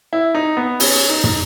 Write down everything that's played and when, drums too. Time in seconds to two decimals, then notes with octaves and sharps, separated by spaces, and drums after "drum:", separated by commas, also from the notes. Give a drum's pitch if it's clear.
0.13 E4
0.35 D#4
0.57 B3
0.80 C#4, drum: open hi-hat
1.09 D#4
1.24 drum: tom